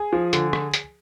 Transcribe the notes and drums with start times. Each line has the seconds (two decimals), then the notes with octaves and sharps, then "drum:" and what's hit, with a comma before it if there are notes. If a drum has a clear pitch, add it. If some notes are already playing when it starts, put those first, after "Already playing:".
Already playing: G#4
0.13 F3
0.33 D3, drum: hi-hat
0.53 drum: rim click
0.74 drum: hi-hat